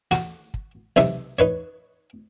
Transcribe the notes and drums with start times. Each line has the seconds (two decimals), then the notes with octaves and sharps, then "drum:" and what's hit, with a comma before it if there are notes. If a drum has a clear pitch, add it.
0.11 F#4, drum: snare
0.54 drum: kick
0.96 B1 C3 D#4 E5, drum: snare
1.39 D#4 B4 C#5